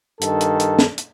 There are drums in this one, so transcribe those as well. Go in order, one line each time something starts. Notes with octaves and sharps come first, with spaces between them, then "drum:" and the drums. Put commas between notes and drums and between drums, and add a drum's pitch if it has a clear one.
G2 D#3 A4, drum: hi-hat
drum: hi-hat
drum: hi-hat
drum: snare
drum: hi-hat